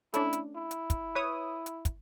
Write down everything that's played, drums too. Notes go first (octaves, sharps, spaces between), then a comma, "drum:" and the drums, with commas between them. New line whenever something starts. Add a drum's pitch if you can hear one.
A3 C#4 D4 E4, drum: hi-hat
drum: hi-hat
E4
drum: hi-hat
drum: kick, hi-hat
B4 C#5 D#6
drum: hi-hat
drum: kick, hi-hat